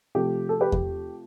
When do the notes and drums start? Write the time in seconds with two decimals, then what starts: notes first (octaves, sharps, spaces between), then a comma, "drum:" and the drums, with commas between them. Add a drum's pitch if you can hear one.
0.15 C3 F3 A3 G4
0.49 A4
0.61 G4 B4
0.72 G4, drum: kick E2